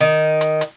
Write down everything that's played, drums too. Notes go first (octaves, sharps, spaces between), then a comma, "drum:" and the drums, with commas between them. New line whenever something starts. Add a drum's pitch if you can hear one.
D#3
drum: hi-hat
drum: hi-hat